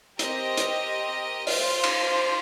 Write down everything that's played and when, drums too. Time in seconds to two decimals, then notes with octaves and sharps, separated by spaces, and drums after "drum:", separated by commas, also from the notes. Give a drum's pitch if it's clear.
0.19 C4 G4 A#4 D#5, drum: hi-hat
0.57 drum: hi-hat
1.47 F4 C5 F5, drum: open hi-hat
1.84 drum: cymbal